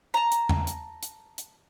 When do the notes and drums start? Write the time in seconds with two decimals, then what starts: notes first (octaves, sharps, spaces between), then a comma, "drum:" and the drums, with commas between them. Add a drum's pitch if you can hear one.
0.14 A5 A#5
0.32 drum: hi-hat
0.49 drum: tom E2
0.67 drum: hi-hat
1.03 drum: hi-hat
1.38 drum: hi-hat